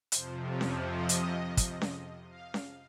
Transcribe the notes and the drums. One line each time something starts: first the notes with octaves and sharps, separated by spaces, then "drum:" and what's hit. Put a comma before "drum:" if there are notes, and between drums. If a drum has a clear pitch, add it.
F2 C3 F3 C5, drum: hi-hat
C#5
drum: snare C#4
D#5
drum: hi-hat
drum: kick, hi-hat
drum: snare C#4
F5
drum: snare C#4